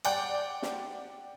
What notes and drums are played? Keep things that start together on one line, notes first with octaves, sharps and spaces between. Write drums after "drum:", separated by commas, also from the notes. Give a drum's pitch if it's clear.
D5 F#5 G5, drum: cymbal
drum: snare